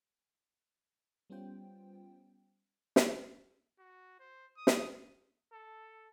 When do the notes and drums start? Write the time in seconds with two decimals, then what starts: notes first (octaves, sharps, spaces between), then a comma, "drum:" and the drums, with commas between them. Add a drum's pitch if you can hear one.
1.30 G3 B3 C#4 F4 C5 G5
2.96 drum: snare
3.79 F#4
4.20 C5
4.57 D#6
4.67 drum: snare
5.52 A4